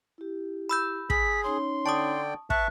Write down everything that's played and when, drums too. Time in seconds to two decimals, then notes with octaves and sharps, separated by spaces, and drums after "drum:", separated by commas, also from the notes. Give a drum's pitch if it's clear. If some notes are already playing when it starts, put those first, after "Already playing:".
0.18 E4 G4
0.69 B5 E6 G6
1.10 G#4 B6, drum: kick
1.44 C#4 D#4 C#5 C6
1.86 D3 D5 G5 A5 C#6 D#6
2.50 B4 E5 A5 C#6 F#6, drum: kick